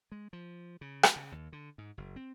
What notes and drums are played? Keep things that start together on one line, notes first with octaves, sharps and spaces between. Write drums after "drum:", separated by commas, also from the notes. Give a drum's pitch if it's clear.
G#3
F3
C#3
drum: rim click
C#3
D#2
D3
G#2
F#1
C4